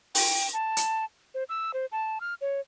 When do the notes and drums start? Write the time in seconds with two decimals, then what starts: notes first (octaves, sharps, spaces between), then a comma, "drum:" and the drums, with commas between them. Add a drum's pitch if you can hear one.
0.15 G5, drum: open hi-hat
0.53 A5
0.77 drum: hi-hat
1.34 C5
1.49 E6
1.74 C5
1.92 A5
2.20 F6
2.41 C#5